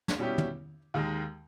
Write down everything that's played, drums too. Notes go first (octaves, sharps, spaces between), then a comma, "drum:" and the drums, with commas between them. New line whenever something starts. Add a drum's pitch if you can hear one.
drum: snare
B2 G3 C#4 E4 G4
drum: tom
D#2 D#3 G#3